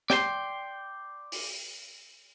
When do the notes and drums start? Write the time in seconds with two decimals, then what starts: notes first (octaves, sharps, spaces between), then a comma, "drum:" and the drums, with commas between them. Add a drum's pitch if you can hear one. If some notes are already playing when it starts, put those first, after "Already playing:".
0.10 D5 G5 G#5 C6, drum: snare
1.32 drum: open hi-hat